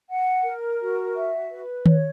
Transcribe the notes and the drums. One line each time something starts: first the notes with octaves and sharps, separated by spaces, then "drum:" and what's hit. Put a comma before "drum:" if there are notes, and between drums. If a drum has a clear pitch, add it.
F#5
A#4
F#4
E5
B4
C#5, drum: tom D#3